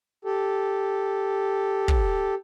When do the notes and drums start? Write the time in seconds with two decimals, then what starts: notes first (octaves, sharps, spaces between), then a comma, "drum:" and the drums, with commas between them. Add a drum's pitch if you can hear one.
0.25 G4 A4
1.88 drum: kick